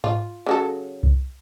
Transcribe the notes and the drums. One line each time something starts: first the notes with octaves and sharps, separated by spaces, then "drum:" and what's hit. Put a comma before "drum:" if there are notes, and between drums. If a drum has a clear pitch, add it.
F4, drum: tom G#2
C#3 F#3 A4
drum: kick C2